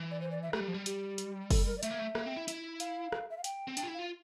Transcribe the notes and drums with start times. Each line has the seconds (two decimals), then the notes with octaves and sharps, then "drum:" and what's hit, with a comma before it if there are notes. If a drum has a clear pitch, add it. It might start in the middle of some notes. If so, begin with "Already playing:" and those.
Already playing: E3
0.11 D5
0.21 C5
0.31 D5
0.43 E5
0.53 A3 G4, drum: rim click
0.60 G3
0.68 F3
0.74 G3
0.86 G4, drum: hi-hat
1.18 drum: hi-hat
1.50 A4, drum: kick, open hi-hat
1.67 A#4
1.78 D5
1.83 A3 E5, drum: hi-hat
1.91 A#3
1.99 A3
2.15 A#3, drum: rim click
2.26 C4
2.36 E4
2.48 E4, drum: hi-hat
2.80 F5, drum: hi-hat
3.12 drum: rim click
3.30 E5
3.38 F5
3.44 G5, drum: hi-hat
3.68 C4
3.77 D4 G5, drum: hi-hat
3.83 F4
3.88 E4
3.94 F4 F5